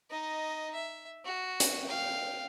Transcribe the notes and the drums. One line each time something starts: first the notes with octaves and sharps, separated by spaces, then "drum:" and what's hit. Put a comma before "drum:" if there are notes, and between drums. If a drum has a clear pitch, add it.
D#4 D#5
E5
F#4
drum: hi-hat
F5 G5